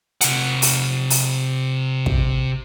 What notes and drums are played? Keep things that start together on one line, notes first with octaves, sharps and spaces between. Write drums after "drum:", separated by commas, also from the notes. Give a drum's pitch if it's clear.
C3 F#5, drum: hi-hat
drum: open hi-hat
drum: open hi-hat
drum: kick